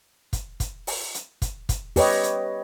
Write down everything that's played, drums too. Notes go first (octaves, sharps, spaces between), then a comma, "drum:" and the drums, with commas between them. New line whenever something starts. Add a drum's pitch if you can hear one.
drum: kick, hi-hat
drum: kick, hi-hat
drum: open hi-hat
drum: hi-hat
drum: kick, hi-hat
drum: kick, hi-hat
G4 B4 C#5 D#5, drum: open hi-hat
drum: hi-hat